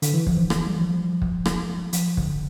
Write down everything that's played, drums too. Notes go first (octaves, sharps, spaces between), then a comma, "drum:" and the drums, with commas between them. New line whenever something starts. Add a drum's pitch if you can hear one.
D3, drum: hi-hat
E3
F3, drum: kick
F3
E3, drum: rim click
G3
F3
drum: kick
drum: rim click
F3, drum: hi-hat
D3, drum: kick